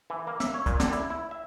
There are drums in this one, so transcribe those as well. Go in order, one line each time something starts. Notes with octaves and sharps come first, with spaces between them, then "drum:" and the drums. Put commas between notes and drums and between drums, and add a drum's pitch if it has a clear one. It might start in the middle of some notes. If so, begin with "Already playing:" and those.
E3
A#3
E5, drum: snare
C#5
A#2, drum: kick, hi-hat
D3, drum: snare
E4, drum: hi-hat
E4
E5